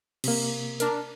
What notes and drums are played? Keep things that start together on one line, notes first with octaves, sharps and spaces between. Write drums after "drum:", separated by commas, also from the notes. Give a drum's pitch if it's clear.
C3 A#3, drum: cymbal
D4 A#4, drum: hi-hat